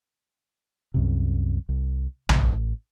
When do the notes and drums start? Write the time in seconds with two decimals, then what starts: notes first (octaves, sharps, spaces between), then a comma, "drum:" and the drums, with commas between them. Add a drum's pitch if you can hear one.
0.94 C2 F#2 C3
1.69 C2
2.29 A1, drum: tom B1